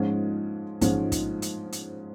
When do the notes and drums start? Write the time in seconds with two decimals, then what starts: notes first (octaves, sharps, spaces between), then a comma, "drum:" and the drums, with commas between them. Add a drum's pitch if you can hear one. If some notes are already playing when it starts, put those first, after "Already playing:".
Already playing: G#2 F3 G#3 C#4 F4
0.81 G#2 F3 G#3 C#4 F4, drum: kick, hi-hat
1.12 drum: kick, hi-hat
1.42 drum: hi-hat
1.72 drum: hi-hat